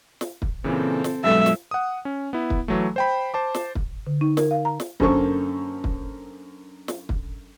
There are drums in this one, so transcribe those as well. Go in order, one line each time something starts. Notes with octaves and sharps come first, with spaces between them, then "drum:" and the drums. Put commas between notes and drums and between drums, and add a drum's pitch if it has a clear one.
drum: snare
drum: kick
A#2 C#3 E3 C4 A4
drum: snare
G2 B2 F#3 G#3 A4 E5
drum: snare
F#5 D#6
C#4
B3 E4
drum: kick
E3 F#3 A3
C5 G5 B5
C5 A5 D6
drum: snare
drum: kick
D3
D#4
A#4, drum: snare
F5
A#5
drum: snare
F#2 D3 A#3 A4 C5 C#6, drum: kick
drum: kick
drum: snare
drum: kick